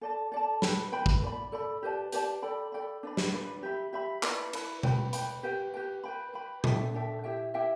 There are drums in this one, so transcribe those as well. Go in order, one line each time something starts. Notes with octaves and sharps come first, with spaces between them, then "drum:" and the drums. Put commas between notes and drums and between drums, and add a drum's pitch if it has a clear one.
A4 D5 A5
A4 D5 A5
B4 G5 B5, drum: snare
B4 G5 B5
drum: kick
A4 D5 B5
A4 D5 B5
G4 B4 D5 A5
G4 B4 D5 A5, drum: hi-hat
A4 D5 G5 B5
A4 D5 G5 B5
D4 B4 D5 B5
drum: snare
D4 B4 D5 B5
G4 E5 B5
G4 E5 B5
E4 B4 D5 B5, drum: clap
E4 B4 D5 B5, drum: cymbal
B4 G5 B5, drum: tom B2
B4 G5 B5, drum: hi-hat
G4 B4 G5
G4 B4 G5
B4 G5 B5
B4 G5 B5
D4 A4 E5 G5, drum: tom A#2
D4 A4 E5 G5
E4 G4 E5 G5
E4 G4 E5 G5